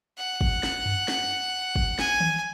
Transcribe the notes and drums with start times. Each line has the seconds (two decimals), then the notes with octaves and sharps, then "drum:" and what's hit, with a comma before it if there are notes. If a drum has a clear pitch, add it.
0.18 F#5
0.41 drum: kick
0.63 drum: snare
0.86 drum: tom F#2
1.08 drum: snare
1.76 drum: kick
1.99 G#5, drum: snare
2.21 drum: tom D#3